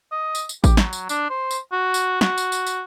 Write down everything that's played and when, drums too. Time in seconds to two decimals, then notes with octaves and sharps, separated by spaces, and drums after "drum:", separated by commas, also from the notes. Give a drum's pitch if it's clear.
0.12 D#5
0.35 drum: tambourine
0.49 drum: tambourine
0.64 G4, drum: kick A1, tambourine
0.77 F#3, drum: snare
0.93 drum: tambourine
1.09 D4, drum: tambourine
1.30 C5
1.51 drum: tambourine
1.72 F#4
1.94 drum: tambourine
2.21 F#4, drum: snare
2.38 drum: tambourine
2.52 drum: tambourine
2.67 drum: tambourine